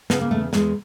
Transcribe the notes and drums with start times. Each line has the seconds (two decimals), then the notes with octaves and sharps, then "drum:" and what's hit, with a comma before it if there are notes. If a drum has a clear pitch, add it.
0.10 C#3 B3, drum: snare
0.21 A#3
0.31 E2 A3
0.53 E2 G#3, drum: snare